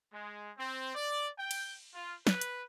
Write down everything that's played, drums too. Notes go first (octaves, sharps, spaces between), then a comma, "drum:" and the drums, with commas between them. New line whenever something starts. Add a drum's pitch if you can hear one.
G#3
C4
D5
G5
drum: cymbal
F4
B4, drum: snare
drum: hi-hat